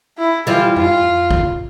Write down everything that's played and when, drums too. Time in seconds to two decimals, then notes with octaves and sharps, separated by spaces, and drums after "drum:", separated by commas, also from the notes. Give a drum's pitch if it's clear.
0.18 E4
0.47 E3 G3 F4
0.76 F4, drum: tom F2
1.31 drum: kick